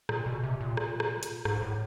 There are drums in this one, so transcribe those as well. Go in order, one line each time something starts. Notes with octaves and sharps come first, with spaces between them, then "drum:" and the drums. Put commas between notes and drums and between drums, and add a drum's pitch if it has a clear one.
A#2, drum: rim click
B2
C3
A#2
drum: rim click
drum: rim click
drum: hi-hat
G#2, drum: rim click
A2